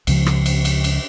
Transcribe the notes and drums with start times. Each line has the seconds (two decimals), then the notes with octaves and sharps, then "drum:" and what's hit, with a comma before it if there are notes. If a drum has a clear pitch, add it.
0.07 C#2 C#3 F3, drum: cymbal
0.26 drum: rim click
0.46 drum: cymbal
0.65 drum: cymbal
0.84 drum: cymbal